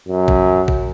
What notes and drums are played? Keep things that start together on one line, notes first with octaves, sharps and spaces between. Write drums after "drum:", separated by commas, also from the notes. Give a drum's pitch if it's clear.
F#2
drum: kick
drum: kick